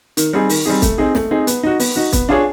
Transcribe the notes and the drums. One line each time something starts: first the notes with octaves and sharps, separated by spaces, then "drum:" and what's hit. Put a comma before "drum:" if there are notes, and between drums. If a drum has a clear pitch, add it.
D#3, drum: hi-hat
G3 C4 D#4 G#4
D#3, drum: open hi-hat
G3 C4 D#4 G#4
A3, drum: kick, hi-hat
C4 D#4 G#4
A3, drum: snare
C4 D#4 G#4
B3, drum: hi-hat
D#4 F#4
B3, drum: open hi-hat
D#4 F#4
B3, drum: kick, hi-hat
D4 F4 G#4 C#5